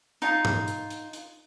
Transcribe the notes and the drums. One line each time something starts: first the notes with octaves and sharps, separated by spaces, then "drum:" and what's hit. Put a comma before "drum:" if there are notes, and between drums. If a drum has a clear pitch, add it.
D#4 F4, drum: hi-hat
drum: tom
drum: hi-hat
drum: hi-hat
drum: hi-hat